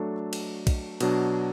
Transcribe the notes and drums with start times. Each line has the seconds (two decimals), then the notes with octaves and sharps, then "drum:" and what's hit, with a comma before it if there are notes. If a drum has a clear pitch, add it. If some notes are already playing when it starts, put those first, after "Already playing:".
Already playing: F#3 A3 D4 A4
0.33 drum: cymbal
0.67 drum: kick B1, cymbal
1.00 B2 F#3 D4, drum: cymbal